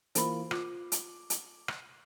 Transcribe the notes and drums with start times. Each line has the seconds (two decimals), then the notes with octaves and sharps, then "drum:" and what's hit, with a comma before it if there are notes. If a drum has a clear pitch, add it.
0.15 E3 A#3 F4 C5 B5, drum: hi-hat
0.51 F4 D6, drum: rim click
0.92 drum: hi-hat
1.30 drum: hi-hat
1.68 drum: rim click